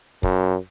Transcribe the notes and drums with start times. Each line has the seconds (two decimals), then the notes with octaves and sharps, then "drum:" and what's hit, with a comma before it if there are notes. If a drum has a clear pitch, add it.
0.23 F#2, drum: kick